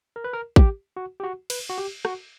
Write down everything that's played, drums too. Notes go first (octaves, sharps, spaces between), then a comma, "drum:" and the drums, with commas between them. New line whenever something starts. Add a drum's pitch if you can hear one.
A#4
B4
A#4
G4, drum: kick
F#4
G4
F#4
B4, drum: cymbal
F#4
G4
F#4, drum: rim click